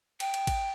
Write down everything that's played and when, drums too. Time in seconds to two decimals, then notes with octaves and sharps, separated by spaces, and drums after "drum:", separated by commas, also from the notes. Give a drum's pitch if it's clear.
0.20 G5, drum: cymbal
0.34 drum: cymbal
0.47 drum: kick, cymbal